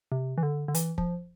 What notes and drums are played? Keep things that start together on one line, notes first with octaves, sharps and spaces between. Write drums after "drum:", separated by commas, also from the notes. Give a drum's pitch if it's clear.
C3
E3
D3
D3
E3, drum: hi-hat
F3, drum: kick